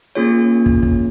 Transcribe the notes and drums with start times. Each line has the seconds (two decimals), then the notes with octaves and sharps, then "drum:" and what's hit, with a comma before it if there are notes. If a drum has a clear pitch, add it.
0.15 A#3 C#4 F4 G#4 C#5
0.66 drum: kick
0.83 drum: kick